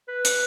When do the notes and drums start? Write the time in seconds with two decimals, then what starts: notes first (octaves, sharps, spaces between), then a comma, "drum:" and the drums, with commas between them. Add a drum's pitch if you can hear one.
0.08 B4
0.25 drum: hi-hat